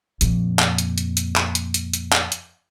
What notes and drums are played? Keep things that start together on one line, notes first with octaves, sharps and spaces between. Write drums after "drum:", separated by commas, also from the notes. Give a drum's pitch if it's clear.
F2 A#2, drum: hi-hat
drum: clap
drum: hi-hat
drum: hi-hat
drum: hi-hat
drum: clap
drum: hi-hat
drum: hi-hat
drum: hi-hat
drum: clap
drum: hi-hat